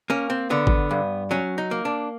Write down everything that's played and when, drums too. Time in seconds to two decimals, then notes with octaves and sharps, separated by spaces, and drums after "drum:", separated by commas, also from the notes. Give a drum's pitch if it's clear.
0.10 A#3 C#4
0.30 C4
0.50 D3 B3
0.67 drum: kick
0.91 G2
1.31 F#3 C#4
1.58 D#4
1.71 A#3
1.85 D4